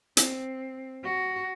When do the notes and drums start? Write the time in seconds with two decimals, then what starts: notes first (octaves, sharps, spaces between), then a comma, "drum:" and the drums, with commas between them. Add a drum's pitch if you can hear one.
0.17 C4, drum: hi-hat
1.03 F#4